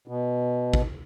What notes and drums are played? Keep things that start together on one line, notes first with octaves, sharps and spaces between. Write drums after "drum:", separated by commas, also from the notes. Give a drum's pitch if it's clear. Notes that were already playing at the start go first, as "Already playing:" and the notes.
B2
drum: kick